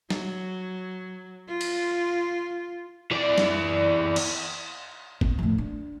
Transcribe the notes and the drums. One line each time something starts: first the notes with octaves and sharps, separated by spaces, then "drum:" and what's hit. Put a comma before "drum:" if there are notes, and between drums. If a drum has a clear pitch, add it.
F#3, drum: snare
F4
drum: cymbal
E3 D5
drum: snare
drum: cymbal
C4, drum: kick G1
F2 A2
D4